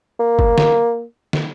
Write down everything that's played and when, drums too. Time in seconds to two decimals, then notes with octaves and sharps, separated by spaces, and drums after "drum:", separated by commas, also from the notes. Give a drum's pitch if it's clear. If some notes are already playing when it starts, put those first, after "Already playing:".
0.20 A#3
0.39 drum: kick
0.58 drum: snare
1.33 drum: snare